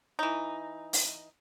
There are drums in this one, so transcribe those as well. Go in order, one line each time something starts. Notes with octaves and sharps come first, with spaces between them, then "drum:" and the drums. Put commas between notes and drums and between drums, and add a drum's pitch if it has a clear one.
E3 D#4
drum: open hi-hat